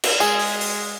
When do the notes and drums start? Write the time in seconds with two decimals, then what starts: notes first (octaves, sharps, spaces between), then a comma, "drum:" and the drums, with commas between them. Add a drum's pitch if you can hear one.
0.04 drum: cymbal
0.20 G#3 G#4, drum: tambourine
0.39 drum: open hi-hat
0.61 drum: open hi-hat